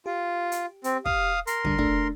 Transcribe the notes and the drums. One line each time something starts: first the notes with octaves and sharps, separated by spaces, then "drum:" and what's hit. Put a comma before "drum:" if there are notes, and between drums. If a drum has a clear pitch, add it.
F4 G4
drum: hi-hat
C4, drum: hi-hat
F5 D#6, drum: kick
A#4 C6, drum: hi-hat
D3 G3 D4, drum: kick
A3 D4, drum: kick